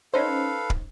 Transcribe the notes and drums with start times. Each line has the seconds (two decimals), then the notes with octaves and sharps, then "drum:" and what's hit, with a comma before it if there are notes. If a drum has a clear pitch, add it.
0.14 C#4 D#4 A4 B4 C5 F5
0.70 drum: kick